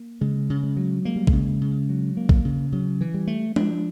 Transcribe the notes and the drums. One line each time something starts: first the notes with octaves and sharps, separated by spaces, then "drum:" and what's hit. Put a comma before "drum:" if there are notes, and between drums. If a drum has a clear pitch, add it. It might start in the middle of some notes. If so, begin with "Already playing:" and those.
Already playing: A#3
C#3 G#3
C#3
G#3
F#3
G#3 A#3
G3
G#3, drum: kick A#1
C#3
C#3
F#3
A#3
drum: kick A#1
C#3
C#3 F#3
E3
G3
A3
F3 D4, drum: tom G#3